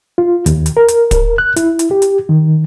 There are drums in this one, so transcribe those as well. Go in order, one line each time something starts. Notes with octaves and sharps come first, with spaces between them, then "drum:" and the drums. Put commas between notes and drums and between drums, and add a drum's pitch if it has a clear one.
F4
D#2, drum: hi-hat
drum: hi-hat
A#4
drum: hi-hat
drum: kick, hi-hat
F#6
E4, drum: hi-hat
drum: hi-hat
G4
drum: hi-hat
D#3